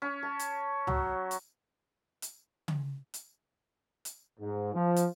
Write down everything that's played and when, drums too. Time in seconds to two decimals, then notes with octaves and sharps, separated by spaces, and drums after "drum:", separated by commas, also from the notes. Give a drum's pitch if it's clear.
0.02 C#4
0.23 A5
0.39 drum: hi-hat
0.87 F#3, drum: tom C#2
1.31 drum: hi-hat
2.22 drum: hi-hat
2.68 drum: tom C#3
3.14 drum: hi-hat
4.05 drum: hi-hat
4.40 G#2
4.74 F3
4.96 drum: hi-hat